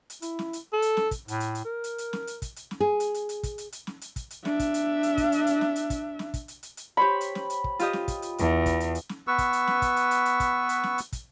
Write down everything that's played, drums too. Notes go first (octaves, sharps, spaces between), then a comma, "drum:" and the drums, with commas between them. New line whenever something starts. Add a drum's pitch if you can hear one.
drum: hi-hat
E4, drum: hi-hat
drum: snare
drum: hi-hat
A4
drum: hi-hat
drum: snare
drum: kick, hi-hat
A2, drum: hi-hat
drum: hi-hat
drum: hi-hat
A#4
drum: hi-hat
drum: hi-hat
drum: snare
drum: hi-hat
drum: kick, hi-hat
drum: hi-hat
drum: snare
G#4
drum: hi-hat
drum: hi-hat
drum: hi-hat
drum: kick, hi-hat
drum: hi-hat
drum: hi-hat
drum: snare
drum: hi-hat
drum: kick, hi-hat
drum: hi-hat
D4 E5, drum: snare
drum: kick, hi-hat
drum: hi-hat
drum: hi-hat
drum: kick, hi-hat
drum: hi-hat
drum: hi-hat
drum: snare
drum: hi-hat
drum: kick, hi-hat
drum: snare
drum: kick, hi-hat
drum: hi-hat
drum: hi-hat
drum: hi-hat
G4 C5 C#5 B5
drum: hi-hat
drum: snare
drum: hi-hat
drum: kick
F4 G4 D#5, drum: hi-hat
drum: snare
drum: kick, hi-hat
drum: hi-hat
E2, drum: hi-hat
drum: kick, hi-hat
drum: hi-hat
drum: hi-hat
drum: snare
B3 B4 C#6 E6
drum: kick, hi-hat
drum: hi-hat
drum: snare
drum: kick, hi-hat
drum: hi-hat
drum: hi-hat
drum: hi-hat
drum: kick, hi-hat
drum: hi-hat
drum: snare
drum: hi-hat
drum: kick, hi-hat